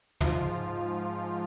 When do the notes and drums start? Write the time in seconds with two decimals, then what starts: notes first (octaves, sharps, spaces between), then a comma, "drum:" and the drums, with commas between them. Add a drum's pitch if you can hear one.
0.20 G#2 F3 F4, drum: tom